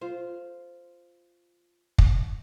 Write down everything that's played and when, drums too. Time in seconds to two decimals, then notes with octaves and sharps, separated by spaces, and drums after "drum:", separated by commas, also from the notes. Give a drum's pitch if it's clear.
0.01 F4 C5
1.98 drum: kick